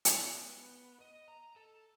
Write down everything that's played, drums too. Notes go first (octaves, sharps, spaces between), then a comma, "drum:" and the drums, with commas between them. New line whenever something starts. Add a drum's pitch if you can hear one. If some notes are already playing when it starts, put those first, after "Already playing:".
drum: hi-hat
B3
D#5
A#5
A4